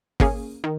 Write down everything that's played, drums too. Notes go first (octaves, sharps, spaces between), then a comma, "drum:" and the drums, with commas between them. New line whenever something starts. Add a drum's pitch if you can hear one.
A#3 C#4 G#4, drum: kick
D#3